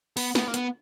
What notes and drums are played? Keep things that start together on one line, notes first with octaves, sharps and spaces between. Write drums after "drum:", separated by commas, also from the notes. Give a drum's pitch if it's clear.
B3, drum: open hi-hat
B3, drum: snare
A#3
B3, drum: hi-hat